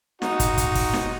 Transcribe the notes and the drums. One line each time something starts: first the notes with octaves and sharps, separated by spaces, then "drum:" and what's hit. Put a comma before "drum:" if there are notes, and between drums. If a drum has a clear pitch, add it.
D#4 F#4, drum: snare
drum: kick, hi-hat
drum: kick, hi-hat
drum: kick, open hi-hat
drum: snare